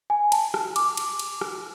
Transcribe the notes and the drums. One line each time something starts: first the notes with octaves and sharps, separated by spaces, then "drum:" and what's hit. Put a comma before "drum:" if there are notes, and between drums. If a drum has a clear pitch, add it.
G#5
A5, drum: cymbal
A5, drum: rim click
D6, drum: cymbal
drum: cymbal
drum: cymbal
drum: rim click